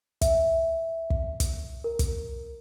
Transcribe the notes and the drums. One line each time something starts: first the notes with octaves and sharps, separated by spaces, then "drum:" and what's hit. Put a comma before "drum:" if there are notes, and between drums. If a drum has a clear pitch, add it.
E5, drum: kick, hi-hat
drum: kick
drum: kick, hi-hat
A#4
drum: kick, hi-hat